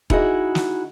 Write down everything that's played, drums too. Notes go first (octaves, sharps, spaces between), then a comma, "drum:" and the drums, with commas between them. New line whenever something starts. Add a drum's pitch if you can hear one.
D#4 E4 F#4 G#4 C#5 D#5, drum: kick E1
drum: snare